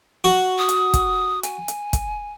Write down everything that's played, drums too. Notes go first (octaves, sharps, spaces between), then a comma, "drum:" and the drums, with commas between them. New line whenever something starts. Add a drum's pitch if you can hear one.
F#4
D#6
drum: hi-hat
drum: kick, hi-hat
G#5, drum: hi-hat
drum: hi-hat
drum: kick, hi-hat